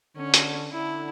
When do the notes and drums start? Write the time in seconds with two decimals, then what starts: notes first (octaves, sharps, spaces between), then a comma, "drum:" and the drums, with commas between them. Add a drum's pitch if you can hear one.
0.16 D3 C#4
0.34 drum: hi-hat
0.71 D3 E4